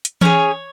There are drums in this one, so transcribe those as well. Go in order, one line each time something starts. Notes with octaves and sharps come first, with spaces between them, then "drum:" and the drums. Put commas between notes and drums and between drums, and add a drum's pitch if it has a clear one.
drum: hi-hat
C#4 G#4 C#5, drum: tom E3